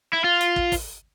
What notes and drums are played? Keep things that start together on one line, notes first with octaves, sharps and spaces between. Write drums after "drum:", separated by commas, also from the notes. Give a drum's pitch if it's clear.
E4
F4
drum: hi-hat
drum: kick
drum: kick, open hi-hat